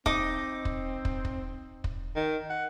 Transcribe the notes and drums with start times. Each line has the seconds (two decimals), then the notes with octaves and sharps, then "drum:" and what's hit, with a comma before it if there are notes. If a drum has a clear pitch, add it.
0.06 C4 D#4 D6, drum: kick
0.65 drum: kick
1.05 drum: kick
1.25 drum: kick
1.84 drum: kick
2.16 D#3
2.50 F#5